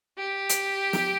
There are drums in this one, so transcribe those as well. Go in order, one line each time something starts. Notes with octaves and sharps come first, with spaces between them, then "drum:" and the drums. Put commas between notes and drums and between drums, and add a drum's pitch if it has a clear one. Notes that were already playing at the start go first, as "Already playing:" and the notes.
G4
drum: hi-hat
drum: snare